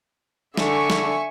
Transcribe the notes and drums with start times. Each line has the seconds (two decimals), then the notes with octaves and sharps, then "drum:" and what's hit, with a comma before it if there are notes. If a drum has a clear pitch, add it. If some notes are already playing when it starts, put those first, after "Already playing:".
0.57 D3 E5 G#5 C#6, drum: snare
0.90 drum: snare